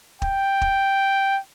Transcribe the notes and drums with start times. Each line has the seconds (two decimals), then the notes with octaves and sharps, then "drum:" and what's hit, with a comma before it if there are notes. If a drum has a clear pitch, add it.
0.22 G5, drum: kick
0.62 drum: kick